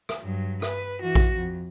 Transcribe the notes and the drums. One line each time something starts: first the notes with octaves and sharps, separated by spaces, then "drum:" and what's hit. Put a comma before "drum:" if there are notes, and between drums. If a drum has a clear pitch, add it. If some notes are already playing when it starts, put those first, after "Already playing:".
drum: rim click
G2 F#3
B4, drum: rim click
E3 F#4
drum: kick A#1
F2